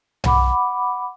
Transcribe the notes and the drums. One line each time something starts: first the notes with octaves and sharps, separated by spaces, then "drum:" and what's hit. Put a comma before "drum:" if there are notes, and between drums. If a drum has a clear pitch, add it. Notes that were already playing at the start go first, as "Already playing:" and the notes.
F#5 B5 D6, drum: tom B1